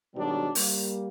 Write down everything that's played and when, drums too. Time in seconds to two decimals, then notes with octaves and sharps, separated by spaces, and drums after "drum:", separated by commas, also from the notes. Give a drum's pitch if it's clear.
0.15 G#2 B2 D#3 F#3 G3 D4
0.55 G3 A#3, drum: open hi-hat